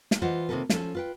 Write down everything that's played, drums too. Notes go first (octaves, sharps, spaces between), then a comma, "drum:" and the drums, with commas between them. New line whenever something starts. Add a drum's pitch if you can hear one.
drum: snare
E3 F4 C5 D#5 F#5
C3 D#3 A#3 F4 A4 B4
F3 C#4 A4, drum: snare
F4 B4 G5